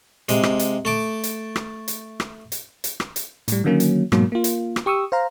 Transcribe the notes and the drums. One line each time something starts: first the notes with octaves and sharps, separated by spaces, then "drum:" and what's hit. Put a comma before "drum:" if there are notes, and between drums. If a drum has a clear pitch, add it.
C3 G#3, drum: hi-hat
drum: rim click
drum: hi-hat
A3 A5 D6
drum: hi-hat
drum: rim click
drum: hi-hat
drum: rim click
drum: hi-hat
drum: hi-hat
drum: rim click
drum: hi-hat
A2 G3, drum: hi-hat
D3 D#3 F#3 A#3 C#4
drum: hi-hat
G#2 B2 F#3 A#3, drum: rim click
A#3 F4
drum: hi-hat
drum: rim click
G4 C#6 D#6 E6
C5 F5 A#5